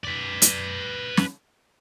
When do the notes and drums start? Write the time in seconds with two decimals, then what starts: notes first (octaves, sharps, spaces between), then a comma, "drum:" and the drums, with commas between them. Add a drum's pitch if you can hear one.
0.04 B4 D5
0.42 drum: hi-hat
1.17 drum: snare